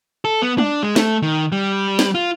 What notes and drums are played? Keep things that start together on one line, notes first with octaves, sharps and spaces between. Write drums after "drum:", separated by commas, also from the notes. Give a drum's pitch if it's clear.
A4
B3
D4, drum: tom
G#3
A3, drum: snare
D#3
G3
drum: snare
F4